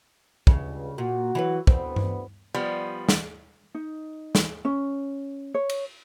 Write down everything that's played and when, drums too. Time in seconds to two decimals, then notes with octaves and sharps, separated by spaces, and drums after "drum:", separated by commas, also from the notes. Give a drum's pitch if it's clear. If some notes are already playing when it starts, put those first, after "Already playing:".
0.47 C#2 G2 C#3, drum: kick
0.98 A#2 F#4
1.35 E3 F#3 B4
1.67 D2 B3 C4, drum: kick
1.96 drum: tom G2
2.54 F3 G3 B3
3.09 drum: snare
3.75 D#4
4.35 drum: snare
4.65 C#4
5.54 C#5
5.69 drum: cymbal